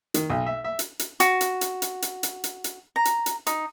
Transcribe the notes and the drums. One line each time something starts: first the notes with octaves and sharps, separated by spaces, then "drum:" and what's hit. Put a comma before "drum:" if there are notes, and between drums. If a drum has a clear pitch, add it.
D#3, drum: hi-hat
B1
E5
E5
drum: hi-hat
drum: hi-hat
F#4, drum: hi-hat
drum: hi-hat
drum: hi-hat
drum: hi-hat
drum: hi-hat
drum: hi-hat
drum: hi-hat
drum: hi-hat
A#5
drum: hi-hat
drum: hi-hat
D#4, drum: hi-hat